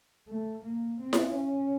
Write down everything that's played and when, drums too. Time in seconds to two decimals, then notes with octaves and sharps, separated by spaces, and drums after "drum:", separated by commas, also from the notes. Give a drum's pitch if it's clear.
0.28 A3
0.64 A#3
1.01 C4
1.13 drum: snare E4
1.36 C#4